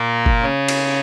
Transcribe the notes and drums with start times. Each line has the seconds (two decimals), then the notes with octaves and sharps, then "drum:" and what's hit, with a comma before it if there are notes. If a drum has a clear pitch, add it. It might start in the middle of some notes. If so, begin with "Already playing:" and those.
Already playing: A#2 A#3
0.26 drum: kick F#1
0.42 C#3 C#4
0.68 drum: cymbal